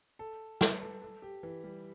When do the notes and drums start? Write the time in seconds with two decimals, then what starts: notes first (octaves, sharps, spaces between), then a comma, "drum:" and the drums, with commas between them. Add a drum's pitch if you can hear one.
0.19 A4
0.61 B4, drum: snare
0.81 A4
1.02 A4
1.22 G4
1.43 E3
1.64 G3